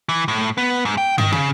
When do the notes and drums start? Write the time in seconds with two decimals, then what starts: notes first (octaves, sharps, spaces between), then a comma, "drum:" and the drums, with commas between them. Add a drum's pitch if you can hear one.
0.09 E3
0.28 A2
0.58 B3
0.85 G#2
0.98 G5
1.18 D#3, drum: tom
1.32 C#3, drum: tom